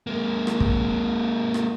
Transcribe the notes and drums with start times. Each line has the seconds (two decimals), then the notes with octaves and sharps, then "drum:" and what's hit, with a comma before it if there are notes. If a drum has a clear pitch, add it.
0.07 G#3 A#3
0.47 drum: rim click
0.60 drum: kick
1.54 drum: rim click